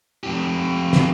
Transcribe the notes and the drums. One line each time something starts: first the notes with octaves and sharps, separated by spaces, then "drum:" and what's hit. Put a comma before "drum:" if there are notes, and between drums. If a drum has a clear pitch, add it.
F2 G4
drum: snare